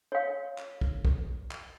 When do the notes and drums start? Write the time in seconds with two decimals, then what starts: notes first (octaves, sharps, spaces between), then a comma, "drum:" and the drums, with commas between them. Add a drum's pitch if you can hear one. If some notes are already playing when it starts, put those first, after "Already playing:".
0.12 C#5 F5
0.58 drum: clap
0.81 drum: kick
1.05 drum: kick
1.51 drum: clap